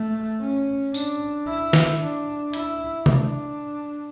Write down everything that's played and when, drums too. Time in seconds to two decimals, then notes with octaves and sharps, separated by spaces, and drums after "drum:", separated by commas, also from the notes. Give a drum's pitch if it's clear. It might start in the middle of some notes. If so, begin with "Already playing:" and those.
Already playing: A3
0.41 C#4
0.94 D4, drum: tambourine
1.48 E4
1.73 drum: snare
2.00 D4
2.53 E4, drum: hi-hat
3.06 D4, drum: tom C3